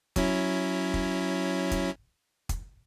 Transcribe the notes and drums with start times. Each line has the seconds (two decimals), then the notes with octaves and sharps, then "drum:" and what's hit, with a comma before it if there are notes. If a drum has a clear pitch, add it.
0.16 F#3 C#4 E4, drum: kick, hi-hat
0.94 drum: kick
1.71 drum: kick, hi-hat
2.49 drum: kick, hi-hat